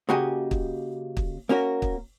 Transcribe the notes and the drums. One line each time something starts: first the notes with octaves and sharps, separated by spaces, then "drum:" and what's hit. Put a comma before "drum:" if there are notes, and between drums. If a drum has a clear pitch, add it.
C#3 A#3 F#4 G4 D#5 G#5
drum: kick
drum: kick
A#3 C#4 F#4 A#4
drum: kick